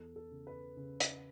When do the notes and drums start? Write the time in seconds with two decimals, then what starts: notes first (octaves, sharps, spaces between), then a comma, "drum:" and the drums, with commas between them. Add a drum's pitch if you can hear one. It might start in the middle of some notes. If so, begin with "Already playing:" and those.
Already playing: E2 A4
0.16 A4
0.31 C#3
0.47 B4
0.77 C#3
1.00 drum: hi-hat